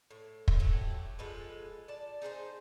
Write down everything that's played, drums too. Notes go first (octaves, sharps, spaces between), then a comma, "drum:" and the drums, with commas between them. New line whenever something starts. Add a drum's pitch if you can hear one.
A2
drum: kick
F#3 A3 E4 G4
F3 G#3 A4 B4
D5 A5
D#4 G#4 A#4 C5